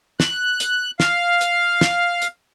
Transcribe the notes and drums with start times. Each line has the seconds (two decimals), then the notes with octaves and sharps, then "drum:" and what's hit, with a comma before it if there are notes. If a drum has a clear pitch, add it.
0.20 F#6, drum: snare
0.60 drum: hi-hat
1.00 F5, drum: snare
1.41 drum: hi-hat
1.81 drum: snare
2.22 drum: hi-hat